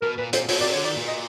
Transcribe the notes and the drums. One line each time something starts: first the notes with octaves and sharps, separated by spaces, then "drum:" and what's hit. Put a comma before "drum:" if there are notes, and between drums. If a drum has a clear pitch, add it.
B2 A#4
A#2 B4
A#2 C5, drum: hi-hat
B2 C#5, drum: open hi-hat
C3 D5
D3 C#5
D#3 D5
A#2
D#5